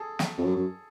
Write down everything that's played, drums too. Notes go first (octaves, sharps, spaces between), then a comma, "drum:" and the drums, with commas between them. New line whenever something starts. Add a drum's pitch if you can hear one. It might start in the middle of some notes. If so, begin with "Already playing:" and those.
Already playing: G#4 A4
drum: snare
F2
F#2
F#2